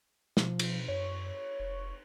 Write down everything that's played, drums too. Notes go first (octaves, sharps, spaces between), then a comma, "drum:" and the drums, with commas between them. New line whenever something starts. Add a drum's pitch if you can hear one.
B2 F3, drum: snare
drum: cymbal
F#2 C#5
F1